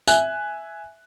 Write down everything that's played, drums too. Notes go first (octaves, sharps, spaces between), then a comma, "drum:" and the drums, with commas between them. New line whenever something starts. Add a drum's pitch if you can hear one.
E5 G#5 F#6, drum: tambourine